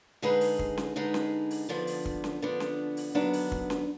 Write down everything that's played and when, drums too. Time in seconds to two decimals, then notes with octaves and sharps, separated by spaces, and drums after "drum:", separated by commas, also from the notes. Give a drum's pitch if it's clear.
0.22 D3 G#3 D#4 G#4 B4
0.41 drum: open hi-hat
0.59 drum: kick
0.77 drum: snare C#4
0.96 D3 G#3 D#4 G#4 B4
1.14 drum: snare C#4
1.51 drum: open hi-hat
1.69 D3 F3 B3 D4
1.87 drum: open hi-hat
2.05 drum: kick
2.24 drum: snare C#4
2.42 D3 F3 B3 D4
2.60 drum: snare C#4
2.97 drum: open hi-hat
3.15 D#2 D3 F#3 B3 D4
3.33 drum: open hi-hat
3.52 drum: kick
3.70 drum: snare C#4